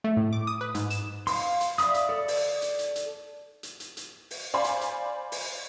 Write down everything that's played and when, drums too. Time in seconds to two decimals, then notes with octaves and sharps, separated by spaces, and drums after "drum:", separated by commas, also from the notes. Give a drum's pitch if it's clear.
0.04 A3
0.17 A2
0.33 D6
0.47 D#6
0.61 B4
0.75 G#2, drum: hi-hat
0.90 E7, drum: hi-hat
1.27 F5 C6, drum: open hi-hat
1.61 drum: hi-hat
1.78 D5 E5 F5 B5 D#6, drum: hi-hat
1.94 drum: hi-hat
2.09 A4 D5
2.28 drum: open hi-hat
2.62 drum: hi-hat
2.79 drum: hi-hat
2.96 drum: hi-hat
3.63 drum: hi-hat
3.80 drum: hi-hat
3.97 drum: hi-hat
4.31 drum: open hi-hat
4.54 C5 D5 F5 G#5 B5 C6
4.64 drum: hi-hat
4.81 drum: hi-hat
5.32 drum: open hi-hat